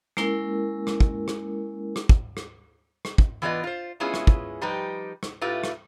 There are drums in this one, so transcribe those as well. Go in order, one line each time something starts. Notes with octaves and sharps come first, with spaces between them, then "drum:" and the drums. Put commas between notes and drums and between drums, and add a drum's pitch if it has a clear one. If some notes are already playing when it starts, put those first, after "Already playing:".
G#3 A#3 C#4 E4 A#4, drum: rim click
drum: rim click
drum: kick
drum: rim click
drum: rim click
drum: kick
drum: rim click
drum: rim click
drum: kick
E3 B3 F4 B4 D5 D#5
F4 C5
G#3 B3 C#4 E4 F4 G#4
drum: rim click
drum: kick
F3 G3 D#4 G4 B4
drum: rim click
A2 A3 F4 G4 B4
drum: rim click